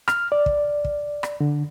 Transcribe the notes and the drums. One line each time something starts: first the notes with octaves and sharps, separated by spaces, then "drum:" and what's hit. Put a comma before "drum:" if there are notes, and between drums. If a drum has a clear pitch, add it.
F6, drum: rim click
D5
drum: kick
drum: kick
drum: rim click
D3